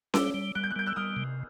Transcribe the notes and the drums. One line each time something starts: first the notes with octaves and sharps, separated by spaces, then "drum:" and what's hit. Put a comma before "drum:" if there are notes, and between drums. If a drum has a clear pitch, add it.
G3 D6 E6, drum: snare C#4
G3
G3 F#6
G6
F#6
G3 G6
E6 F#6
G3 D#6 F6
C3